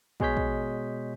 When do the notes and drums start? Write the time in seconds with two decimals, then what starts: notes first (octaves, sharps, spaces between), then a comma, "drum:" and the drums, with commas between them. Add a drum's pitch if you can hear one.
0.20 B2 G#3 G#4 C#5 G6 B6, drum: kick
0.37 drum: kick